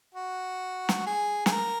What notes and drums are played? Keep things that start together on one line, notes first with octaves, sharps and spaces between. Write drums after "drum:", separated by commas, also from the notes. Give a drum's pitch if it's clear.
F#4
drum: snare
G#4
G#4, drum: snare
A#4